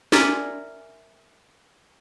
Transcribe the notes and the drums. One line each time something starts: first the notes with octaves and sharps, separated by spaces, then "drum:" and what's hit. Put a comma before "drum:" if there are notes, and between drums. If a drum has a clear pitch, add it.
A#4 D5 E5 G#5, drum: snare